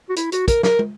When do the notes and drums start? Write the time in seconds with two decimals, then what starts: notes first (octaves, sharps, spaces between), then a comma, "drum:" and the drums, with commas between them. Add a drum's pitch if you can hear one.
0.09 F#4
0.16 E4, drum: hi-hat
0.32 F#4, drum: hi-hat
0.48 A#4, drum: kick, hi-hat
0.63 A#4, drum: snare
0.79 drum: tom